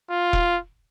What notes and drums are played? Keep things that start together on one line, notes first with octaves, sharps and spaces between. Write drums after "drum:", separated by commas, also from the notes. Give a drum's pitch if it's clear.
F4
drum: kick E1